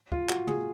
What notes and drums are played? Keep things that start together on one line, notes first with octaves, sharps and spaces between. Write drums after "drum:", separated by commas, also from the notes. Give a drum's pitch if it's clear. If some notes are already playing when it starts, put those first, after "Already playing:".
F4, drum: kick
F#4, drum: clap
G#4, drum: tom